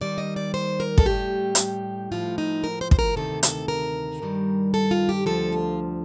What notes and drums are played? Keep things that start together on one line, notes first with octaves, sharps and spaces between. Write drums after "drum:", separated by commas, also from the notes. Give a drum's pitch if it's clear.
D#2 D#3 G3 D5
D#5
D5
C5
A#4
A4, drum: kick
A2 G3 G4
drum: hi-hat
A2 F3 F4
D#4
A#4
C5
C5, drum: kick
A#4
D2 C3 D#3 A4
A4, drum: hi-hat
A#4
G2 D#3 G3
A4
F4
G4
D2 D3 F3 A4
F4